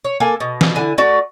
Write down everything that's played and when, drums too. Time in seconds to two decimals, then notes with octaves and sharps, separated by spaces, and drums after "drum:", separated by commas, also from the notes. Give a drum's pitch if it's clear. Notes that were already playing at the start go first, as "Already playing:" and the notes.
0.04 C#5
0.20 A#3 A4 G#5
0.40 B2
0.61 drum: snare
0.76 D3 E4 G#5
0.98 A3 F#4 D5